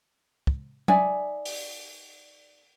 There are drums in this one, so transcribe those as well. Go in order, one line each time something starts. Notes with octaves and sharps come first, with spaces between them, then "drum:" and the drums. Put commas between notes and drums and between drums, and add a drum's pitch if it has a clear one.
drum: kick
D#4 D5 E5 G#5, drum: tom F#3
drum: open hi-hat